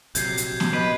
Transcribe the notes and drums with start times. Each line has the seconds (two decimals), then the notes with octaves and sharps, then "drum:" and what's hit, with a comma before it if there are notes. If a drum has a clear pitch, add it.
0.15 A#1 C3 F#3 G6 G#6 C7, drum: hi-hat
0.37 drum: hi-hat
0.60 drum: snare B3
0.73 B4 D#5 G6